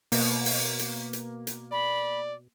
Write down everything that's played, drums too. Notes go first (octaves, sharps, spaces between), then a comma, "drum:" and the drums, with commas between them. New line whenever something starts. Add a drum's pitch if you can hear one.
B2 A#3, drum: open hi-hat
drum: open hi-hat
drum: hi-hat
drum: hi-hat
drum: hi-hat
D5 B5